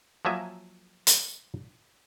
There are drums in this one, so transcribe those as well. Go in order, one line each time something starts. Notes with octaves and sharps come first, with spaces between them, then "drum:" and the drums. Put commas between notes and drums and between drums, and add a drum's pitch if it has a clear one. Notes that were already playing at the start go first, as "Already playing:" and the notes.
F3 F#3 A#3 E5 G#5
drum: hi-hat